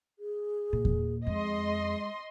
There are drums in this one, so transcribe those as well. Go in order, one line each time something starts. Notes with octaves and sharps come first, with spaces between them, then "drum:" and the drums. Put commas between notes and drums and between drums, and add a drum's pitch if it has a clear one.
G#4
A#2
drum: kick E2
F2 G#3 D#5 C6